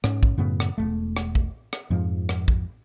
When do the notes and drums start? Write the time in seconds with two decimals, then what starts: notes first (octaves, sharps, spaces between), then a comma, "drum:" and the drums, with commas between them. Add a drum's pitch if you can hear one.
0.04 G#2 C#4, drum: rim click
0.23 drum: kick
0.38 F#2 A2 C#3 B3
0.60 drum: rim click
0.78 E1 C#2 A3
1.17 drum: rim click
1.35 drum: kick
1.73 drum: rim click
1.90 F2 G#2 F3
2.29 drum: rim click
2.48 drum: kick